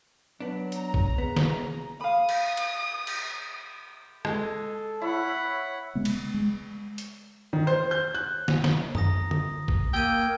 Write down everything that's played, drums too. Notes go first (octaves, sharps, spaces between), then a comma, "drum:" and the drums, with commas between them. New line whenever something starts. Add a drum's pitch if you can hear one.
F#3 B3 D4
A#5, drum: hi-hat
drum: kick
C#3 B3
drum: snare
F5 B5 D#6
drum: cymbal
drum: cymbal
drum: cymbal
G#3 A4, drum: rim click
E4 C#5 F#5 B5
C#3 G#3 B3
drum: cymbal
G#3
drum: hi-hat
D#3
C5
G6
F#6
drum: snare
drum: snare
A#5 D#6 A#6, drum: tom F#2
D#6, drum: tom D3
drum: kick
A#3 G5 E6 G#6 D#7